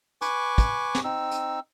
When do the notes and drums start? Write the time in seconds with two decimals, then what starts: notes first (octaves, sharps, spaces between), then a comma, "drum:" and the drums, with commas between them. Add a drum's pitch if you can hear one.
0.21 B4 G#5 C#6 D6, drum: hi-hat
0.58 drum: kick, hi-hat
0.95 drum: snare
1.04 C4 D#4 E6
1.31 drum: hi-hat